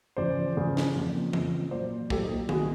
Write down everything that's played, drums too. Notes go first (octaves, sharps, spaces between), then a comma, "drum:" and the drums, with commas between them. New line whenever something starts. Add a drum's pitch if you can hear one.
E2 C#3 F3 C5 D5
E2 C#3 F3
drum: snare
F2 C#3 F3 A#3
F2 C#3 F3 A#3, drum: tom E3
A#2 F#3 A#3 C5 D5
A#2 F#3 A#3 G4 A4, drum: kick
D#4
C2 C3 D#3 G#3 F#4 G#4, drum: tom D#3